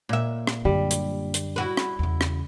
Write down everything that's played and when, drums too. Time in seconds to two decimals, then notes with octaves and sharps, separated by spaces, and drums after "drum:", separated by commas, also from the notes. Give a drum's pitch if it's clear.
0.09 A#2 E5
0.47 drum: rim click
0.65 F#2 D3 G3
0.91 drum: hi-hat
1.34 drum: hi-hat
1.56 E4 F#4 B4
1.77 drum: rim click
1.99 E2 C#3
2.21 drum: rim click